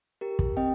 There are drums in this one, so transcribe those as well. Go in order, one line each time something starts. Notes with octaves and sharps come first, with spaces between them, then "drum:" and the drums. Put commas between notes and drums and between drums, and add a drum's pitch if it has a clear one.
G4 A#4
drum: kick
C4 D#5 G5